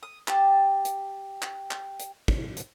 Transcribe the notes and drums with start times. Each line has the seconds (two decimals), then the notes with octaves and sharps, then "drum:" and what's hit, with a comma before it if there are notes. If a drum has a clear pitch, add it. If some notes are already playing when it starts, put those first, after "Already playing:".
0.03 D#6
0.28 G4 A5, drum: clap
0.85 drum: hi-hat
1.42 drum: clap
1.71 drum: clap
2.00 drum: hi-hat
2.28 drum: kick
2.57 drum: hi-hat